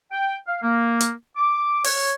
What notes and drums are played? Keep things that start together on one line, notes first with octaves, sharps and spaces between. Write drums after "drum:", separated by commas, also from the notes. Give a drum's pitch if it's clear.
G5
F5
A#3
drum: hi-hat
D6
C#5, drum: open hi-hat